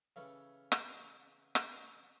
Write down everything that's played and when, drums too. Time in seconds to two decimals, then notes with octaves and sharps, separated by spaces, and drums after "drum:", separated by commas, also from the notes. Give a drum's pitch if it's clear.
0.16 C#3 E3 C#4 A4
0.72 drum: rim click
1.55 drum: rim click